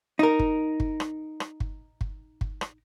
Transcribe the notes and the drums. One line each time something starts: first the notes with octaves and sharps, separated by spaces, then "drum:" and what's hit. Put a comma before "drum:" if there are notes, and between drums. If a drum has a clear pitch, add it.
D#4 A#4
drum: kick G1
drum: kick G1
drum: rim click
drum: rim click
drum: kick G1
drum: kick G1
drum: kick G1
drum: rim click